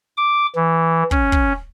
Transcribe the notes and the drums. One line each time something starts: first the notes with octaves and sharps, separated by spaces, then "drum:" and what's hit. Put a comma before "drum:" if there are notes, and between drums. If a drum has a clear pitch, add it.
D6
E3
C#4, drum: kick
drum: kick